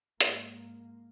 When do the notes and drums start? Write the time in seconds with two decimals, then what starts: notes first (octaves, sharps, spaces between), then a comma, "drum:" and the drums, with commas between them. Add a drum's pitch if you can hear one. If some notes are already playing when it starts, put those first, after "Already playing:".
0.21 G#2 A#3, drum: hi-hat